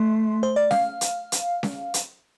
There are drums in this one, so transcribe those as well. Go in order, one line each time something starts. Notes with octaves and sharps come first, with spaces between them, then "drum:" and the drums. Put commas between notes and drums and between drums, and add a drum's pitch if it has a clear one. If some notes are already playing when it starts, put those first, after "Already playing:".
Already playing: A3 C6
C5
D5
F5, drum: snare C#4
drum: hi-hat
drum: hi-hat
drum: snare C#4
drum: hi-hat